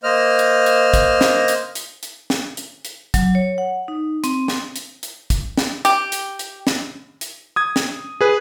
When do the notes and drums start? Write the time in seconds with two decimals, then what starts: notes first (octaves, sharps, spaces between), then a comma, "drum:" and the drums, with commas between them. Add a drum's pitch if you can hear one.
0.03 A#3 C5 D#5 F6
0.39 drum: hi-hat
0.66 drum: hi-hat
0.94 drum: kick, hi-hat
1.21 drum: snare
1.48 drum: hi-hat
1.75 drum: hi-hat
2.03 drum: hi-hat
2.30 drum: snare
2.57 drum: hi-hat
2.85 drum: hi-hat
3.14 F#3, drum: kick, hi-hat
3.35 C#5
3.58 F#5
3.88 D#4
4.24 C4, drum: hi-hat
4.48 drum: snare
4.76 drum: hi-hat
5.03 drum: hi-hat
5.30 drum: kick, hi-hat
5.57 drum: snare
5.85 G4, drum: hi-hat
6.12 drum: hi-hat
6.39 drum: hi-hat
6.67 drum: snare
7.21 drum: hi-hat
7.56 D#6 G#6
7.76 drum: snare
8.21 G#4 B4